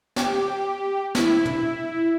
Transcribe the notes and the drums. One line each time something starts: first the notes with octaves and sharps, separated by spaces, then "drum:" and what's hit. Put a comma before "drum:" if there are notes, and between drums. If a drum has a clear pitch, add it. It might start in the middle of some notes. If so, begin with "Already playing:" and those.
G4, drum: snare
E4, drum: snare
drum: tom